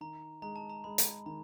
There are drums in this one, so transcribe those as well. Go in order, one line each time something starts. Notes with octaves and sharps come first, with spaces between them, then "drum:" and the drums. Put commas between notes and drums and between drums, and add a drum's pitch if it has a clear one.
D#3 A#5
G#3 A#5
A5
A#5
G#3 B5
drum: hi-hat
D#3 A#5